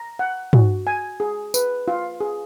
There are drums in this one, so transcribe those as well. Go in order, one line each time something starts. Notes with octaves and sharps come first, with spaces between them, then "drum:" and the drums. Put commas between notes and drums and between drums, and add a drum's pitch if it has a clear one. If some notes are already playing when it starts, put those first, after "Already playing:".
Already playing: A#5
F#5
F#4, drum: tom
G#5
G#4
B4, drum: tambourine
F4
G#4